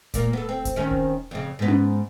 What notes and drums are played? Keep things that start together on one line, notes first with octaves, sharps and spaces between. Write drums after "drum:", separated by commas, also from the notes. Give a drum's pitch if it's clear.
A#2 A#3, drum: kick D#1, hi-hat
B3 A4
C4
drum: kick D#1, hi-hat
D#3 C4 C#4
drum: kick D#1
F2 C#3
G#2 B3
drum: tom C#4